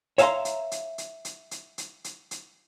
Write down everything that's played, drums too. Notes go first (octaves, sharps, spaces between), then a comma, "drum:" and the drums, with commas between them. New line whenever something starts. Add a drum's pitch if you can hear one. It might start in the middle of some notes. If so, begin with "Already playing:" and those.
C#5 E5 F5 G#5 A#5 C6, drum: hi-hat
drum: hi-hat
drum: hi-hat
drum: hi-hat
drum: hi-hat
drum: hi-hat
drum: hi-hat
drum: hi-hat
drum: hi-hat